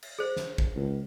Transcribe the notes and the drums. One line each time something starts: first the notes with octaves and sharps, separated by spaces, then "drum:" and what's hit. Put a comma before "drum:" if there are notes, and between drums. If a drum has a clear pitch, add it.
drum: cymbal
G#4 C5
drum: snare
drum: kick
C#2